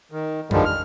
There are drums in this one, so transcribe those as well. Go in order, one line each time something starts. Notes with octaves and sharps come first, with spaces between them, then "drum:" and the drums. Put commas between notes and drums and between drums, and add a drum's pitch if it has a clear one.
D#3
G2 D3 D#3 F3 G3 G#3, drum: tom F2
F6